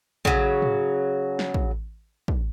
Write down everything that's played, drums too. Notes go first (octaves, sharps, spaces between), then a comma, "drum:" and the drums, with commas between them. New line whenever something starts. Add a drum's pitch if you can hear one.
C#3 F#3, drum: kick
drum: tom
drum: snare
drum: kick
drum: kick